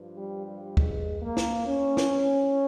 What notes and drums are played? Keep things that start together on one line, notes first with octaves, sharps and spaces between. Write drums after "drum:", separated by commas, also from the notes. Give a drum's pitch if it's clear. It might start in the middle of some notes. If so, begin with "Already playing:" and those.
Already playing: G2 F3
G3
G3
G#3, drum: kick
A#3
drum: snare
C#4
drum: snare